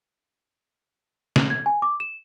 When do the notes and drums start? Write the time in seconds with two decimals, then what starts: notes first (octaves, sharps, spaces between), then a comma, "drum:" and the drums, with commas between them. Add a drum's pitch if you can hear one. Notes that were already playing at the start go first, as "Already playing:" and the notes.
1.36 drum: snare
1.50 G#6
1.66 G#5
1.82 D6
2.00 E7